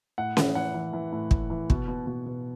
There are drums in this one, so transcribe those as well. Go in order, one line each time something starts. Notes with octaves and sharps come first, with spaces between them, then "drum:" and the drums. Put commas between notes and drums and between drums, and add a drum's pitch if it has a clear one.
A2 F#5
E3, drum: snare C#4
E3 F#5
E3
E3
A2
A2, drum: kick
E3
B2, drum: kick
B2
B2
B2